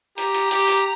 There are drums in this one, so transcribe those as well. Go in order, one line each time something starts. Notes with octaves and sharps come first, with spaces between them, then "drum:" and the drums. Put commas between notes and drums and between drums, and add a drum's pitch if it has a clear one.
G4 A#5, drum: hi-hat
drum: hi-hat
G4, drum: hi-hat
drum: hi-hat